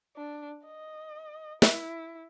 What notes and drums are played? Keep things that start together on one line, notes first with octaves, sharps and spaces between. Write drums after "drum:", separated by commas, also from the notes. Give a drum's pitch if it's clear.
D4
D#5
E4, drum: snare